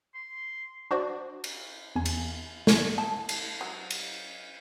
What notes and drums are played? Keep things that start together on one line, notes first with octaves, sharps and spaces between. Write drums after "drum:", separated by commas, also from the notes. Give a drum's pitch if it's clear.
C6
D4 F#4 C5 D5
drum: cymbal
E2 G#5
drum: cymbal
drum: snare
A5
drum: cymbal
F#3
drum: cymbal